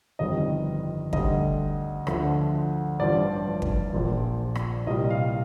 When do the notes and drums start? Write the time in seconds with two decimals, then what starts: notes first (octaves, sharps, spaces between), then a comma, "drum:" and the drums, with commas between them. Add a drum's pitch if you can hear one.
0.19 G1 F2 D#3 G3 D#5
1.13 D2 D3 G3 D#5, drum: kick
2.07 D2 D3 F3, drum: rim click
3.00 A1 G2 F3 D5
3.62 drum: kick
3.93 A#1 A#2 F3
4.55 drum: rim click
4.86 C2 A#2 G3 D#5
5.10 F5